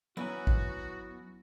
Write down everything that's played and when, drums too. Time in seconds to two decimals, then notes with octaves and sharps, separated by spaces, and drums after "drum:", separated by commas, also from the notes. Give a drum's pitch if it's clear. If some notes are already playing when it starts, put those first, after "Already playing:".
0.17 F#3 B3 C#4 E4 F#4 B4 G#5 A#5
0.47 drum: kick